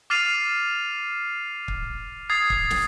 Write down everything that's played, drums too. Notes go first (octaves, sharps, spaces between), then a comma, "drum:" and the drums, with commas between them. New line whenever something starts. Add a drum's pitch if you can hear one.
D6 F6 A6 C7 D#7 F7
drum: kick
D#6 G#6 A6 C7
drum: kick
drum: snare